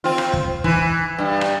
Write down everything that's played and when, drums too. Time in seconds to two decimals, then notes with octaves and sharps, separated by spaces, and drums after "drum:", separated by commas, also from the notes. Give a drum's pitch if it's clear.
0.04 C4 F4
0.18 drum: rim click
0.33 drum: kick
0.64 E3, drum: kick
1.18 G2
1.41 drum: rim click